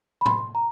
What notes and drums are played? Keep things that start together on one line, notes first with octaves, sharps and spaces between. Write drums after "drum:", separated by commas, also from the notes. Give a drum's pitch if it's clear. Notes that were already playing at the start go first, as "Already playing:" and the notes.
B5
C6, drum: tom A2
A#5